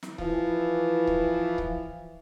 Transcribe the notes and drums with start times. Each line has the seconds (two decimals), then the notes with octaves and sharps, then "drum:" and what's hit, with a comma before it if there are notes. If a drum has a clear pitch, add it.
0.03 drum: snare
0.18 E3 F3, drum: kick C#1
1.07 drum: kick C#1
1.58 drum: kick C#1